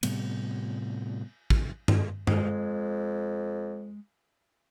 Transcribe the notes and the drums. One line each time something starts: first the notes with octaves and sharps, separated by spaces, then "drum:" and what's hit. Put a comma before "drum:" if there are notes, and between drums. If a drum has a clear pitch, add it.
A2 C3 G3 B3, drum: cymbal
drum: kick
drum: tom G2
F2 G#3, drum: tom G2